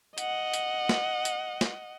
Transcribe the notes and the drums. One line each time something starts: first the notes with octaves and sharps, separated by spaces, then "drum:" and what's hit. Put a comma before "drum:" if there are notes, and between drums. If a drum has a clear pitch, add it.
D#5 F#5, drum: hi-hat
drum: hi-hat
drum: snare
drum: hi-hat
drum: snare